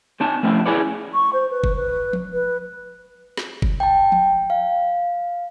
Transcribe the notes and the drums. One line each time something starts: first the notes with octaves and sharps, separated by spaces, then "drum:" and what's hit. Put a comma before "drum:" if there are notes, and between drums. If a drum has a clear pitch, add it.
C4 D#4 C#5 A5
F3 A3 C4 C#4 E4
E4 G#4 B4 C#5 D5
C#6
C5
B4
drum: kick F#1
B4
drum: tom F3
B4
drum: snare
drum: kick F#1
G5 A5
drum: tom F3
F5